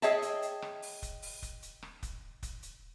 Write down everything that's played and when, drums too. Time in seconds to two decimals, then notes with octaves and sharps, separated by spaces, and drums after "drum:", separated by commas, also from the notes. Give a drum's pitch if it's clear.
0.02 G#4 C#5 D#5 E5 G5 A5, drum: hi-hat
0.22 drum: hi-hat
0.42 drum: hi-hat
0.62 drum: rim click
0.82 drum: open hi-hat
1.02 drum: kick, hi-hat
1.22 drum: open hi-hat
1.42 drum: kick, hi-hat
1.62 drum: hi-hat
1.83 drum: rim click
2.03 drum: kick, hi-hat
2.43 drum: kick, hi-hat
2.63 drum: hi-hat